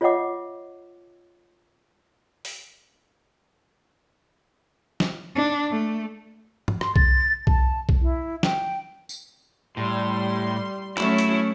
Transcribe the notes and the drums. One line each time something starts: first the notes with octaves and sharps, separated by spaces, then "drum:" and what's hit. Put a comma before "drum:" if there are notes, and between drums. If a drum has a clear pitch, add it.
F4 C#5 D#5 E5 F#5 D6
drum: open hi-hat
drum: snare
D4
A3
drum: tom G2
C6, drum: rim click
A6, drum: kick B1
A5, drum: kick B1
drum: kick B1
E4
G5, drum: snare
drum: tambourine
A2 G3 C6
F#3 A3 C#4 E4, drum: clap
drum: hi-hat